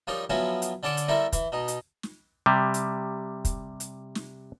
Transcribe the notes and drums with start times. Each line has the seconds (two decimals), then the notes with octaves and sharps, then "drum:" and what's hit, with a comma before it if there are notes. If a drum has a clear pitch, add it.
0.07 F3 G3 D#4 A#4 C#5
0.30 F3 F#3 B3 C#4 E4 F#4
0.62 drum: hi-hat
0.83 D3 C#4 D4 A4 A5 D6
0.97 drum: hi-hat
1.08 G3 C4 E4 A4 A#4 E5
1.33 E3, drum: kick, hi-hat
1.52 B2 D#4
1.68 drum: hi-hat
2.03 drum: snare
2.46 C3 G3
2.74 drum: hi-hat
3.45 drum: kick, hi-hat
3.80 drum: hi-hat
4.15 drum: snare